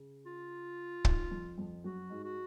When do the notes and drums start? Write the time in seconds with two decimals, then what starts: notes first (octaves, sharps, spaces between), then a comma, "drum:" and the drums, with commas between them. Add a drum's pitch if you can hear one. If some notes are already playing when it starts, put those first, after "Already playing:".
Already playing: C#3
0.26 F4
1.05 D#2 D#3, drum: kick
1.31 F2 F3
1.58 F2 F3
1.84 F#2 F#3 F#4
2.10 G#2 G#3
2.24 F#4